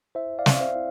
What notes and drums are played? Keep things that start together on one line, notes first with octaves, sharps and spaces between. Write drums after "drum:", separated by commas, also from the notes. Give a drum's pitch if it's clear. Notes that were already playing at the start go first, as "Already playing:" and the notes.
E4 C5 E5
D5 F5
C4, drum: snare
F5
C5 E5
E4